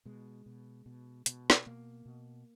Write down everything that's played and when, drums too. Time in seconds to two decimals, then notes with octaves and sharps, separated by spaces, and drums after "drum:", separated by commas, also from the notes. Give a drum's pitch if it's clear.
0.05 B2 G#3
0.46 B2
0.86 B2
1.26 B2, drum: hi-hat
1.50 drum: snare
1.66 B2 A#3
2.06 B2